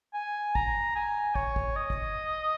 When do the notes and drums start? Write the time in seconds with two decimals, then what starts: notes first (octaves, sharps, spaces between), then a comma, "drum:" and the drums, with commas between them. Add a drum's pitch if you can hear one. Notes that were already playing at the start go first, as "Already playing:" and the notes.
0.14 G#5
0.55 A#5, drum: kick
0.96 G#5
1.35 C#5, drum: kick
1.56 drum: kick
1.76 D#5
1.90 drum: kick